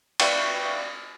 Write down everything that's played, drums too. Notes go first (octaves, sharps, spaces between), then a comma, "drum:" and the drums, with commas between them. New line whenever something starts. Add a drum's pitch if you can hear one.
B4 D5 E5 F5 G5 C#6, drum: cymbal